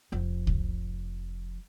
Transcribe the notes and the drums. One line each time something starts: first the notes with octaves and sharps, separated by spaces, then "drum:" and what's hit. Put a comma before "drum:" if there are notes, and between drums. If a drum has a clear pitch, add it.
F1 F3
drum: kick C2